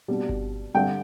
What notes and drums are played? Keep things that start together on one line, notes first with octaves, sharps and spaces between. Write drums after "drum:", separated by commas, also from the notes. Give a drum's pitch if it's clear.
B2 G3 D4
drum: kick G1
G2 D3 G3 G5